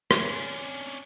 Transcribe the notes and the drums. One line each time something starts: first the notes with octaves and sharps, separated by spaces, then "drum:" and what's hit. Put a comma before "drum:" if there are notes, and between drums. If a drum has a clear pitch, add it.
C#4 D4, drum: rim click